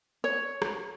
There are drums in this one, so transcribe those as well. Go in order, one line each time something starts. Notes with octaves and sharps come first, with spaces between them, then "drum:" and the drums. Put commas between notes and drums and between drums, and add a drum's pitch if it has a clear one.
C#5
drum: rim click